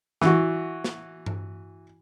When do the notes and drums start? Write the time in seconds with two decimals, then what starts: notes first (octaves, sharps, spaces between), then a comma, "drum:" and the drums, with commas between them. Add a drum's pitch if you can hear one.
0.21 E3 F#4, drum: snare
0.84 drum: snare
1.26 drum: tom G2